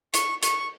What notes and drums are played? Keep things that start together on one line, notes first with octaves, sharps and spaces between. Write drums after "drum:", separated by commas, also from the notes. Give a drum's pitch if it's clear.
C#6, drum: hi-hat
C#6, drum: hi-hat